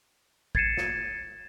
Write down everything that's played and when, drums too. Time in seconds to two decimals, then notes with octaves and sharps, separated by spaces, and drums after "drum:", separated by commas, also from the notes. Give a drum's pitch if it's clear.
0.55 G#6 A6 C7 C#7 D#7 E7, drum: kick
0.77 drum: snare